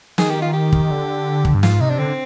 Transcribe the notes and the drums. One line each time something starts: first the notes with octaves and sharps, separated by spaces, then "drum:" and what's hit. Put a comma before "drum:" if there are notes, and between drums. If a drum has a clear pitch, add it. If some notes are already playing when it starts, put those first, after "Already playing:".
D#3 G#4, drum: snare
G4
F4
G4
drum: kick
D3
drum: kick
G2
G#2 F4, drum: snare
C3 D#4
D4
D3 C4